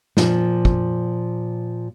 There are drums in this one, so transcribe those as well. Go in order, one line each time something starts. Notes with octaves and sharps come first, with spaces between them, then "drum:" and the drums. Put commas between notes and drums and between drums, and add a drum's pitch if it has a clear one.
A#2 F3, drum: snare
drum: kick